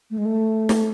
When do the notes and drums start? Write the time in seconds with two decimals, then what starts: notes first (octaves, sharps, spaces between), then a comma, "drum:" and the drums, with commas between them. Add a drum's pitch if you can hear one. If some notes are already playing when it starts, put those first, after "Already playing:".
0.10 A3
0.18 G#3
0.25 A3
0.69 drum: snare